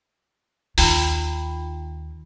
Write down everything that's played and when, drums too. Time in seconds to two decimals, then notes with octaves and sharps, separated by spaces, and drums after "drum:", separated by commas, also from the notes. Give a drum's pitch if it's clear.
0.78 D#2 D#3 F4 G5 B5, drum: open hi-hat